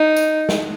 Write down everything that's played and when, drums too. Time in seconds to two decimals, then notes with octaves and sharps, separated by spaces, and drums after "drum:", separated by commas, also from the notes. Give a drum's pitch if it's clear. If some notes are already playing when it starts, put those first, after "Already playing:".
Already playing: D#4
0.16 drum: tambourine
0.49 drum: snare